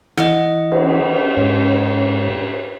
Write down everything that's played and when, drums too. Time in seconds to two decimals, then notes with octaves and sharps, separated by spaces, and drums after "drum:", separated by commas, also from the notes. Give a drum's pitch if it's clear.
0.17 E3 D#5 F#5, drum: rim click
0.72 drum: cymbal
1.37 G#2 C#4